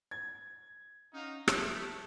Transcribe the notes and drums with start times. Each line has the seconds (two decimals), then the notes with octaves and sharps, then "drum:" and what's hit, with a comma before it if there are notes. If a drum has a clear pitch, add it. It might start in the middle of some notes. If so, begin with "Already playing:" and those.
0.11 G#6
1.13 C#4 D#4 F#4 F5
1.48 A3 G4, drum: rim click